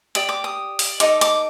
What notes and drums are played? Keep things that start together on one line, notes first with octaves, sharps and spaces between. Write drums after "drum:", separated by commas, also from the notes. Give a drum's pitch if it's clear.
G4 D5 D#6, drum: hi-hat
D6
D#6
drum: open hi-hat
D#4 A4 D#5 D6, drum: hi-hat
D6, drum: hi-hat